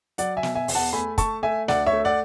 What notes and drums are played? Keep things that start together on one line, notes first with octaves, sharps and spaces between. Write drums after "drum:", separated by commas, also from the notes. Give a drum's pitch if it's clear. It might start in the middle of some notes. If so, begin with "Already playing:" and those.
F#3 D5 F#5, drum: hi-hat
E5 G#5
B2, drum: snare
E5 G#5
E2, drum: open hi-hat
F#5 A5
A3 G#5 B5
A3 A5 C#6, drum: kick, hi-hat
A3 E5 G#5
D2 D5 F#5, drum: snare
C#5 E5
A3
D5 F#5